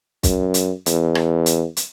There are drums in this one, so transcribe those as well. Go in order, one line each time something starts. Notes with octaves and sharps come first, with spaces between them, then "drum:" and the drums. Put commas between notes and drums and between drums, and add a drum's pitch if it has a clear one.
F#2, drum: kick, hi-hat
drum: hi-hat
E2, drum: hi-hat
drum: rim click
drum: hi-hat
drum: hi-hat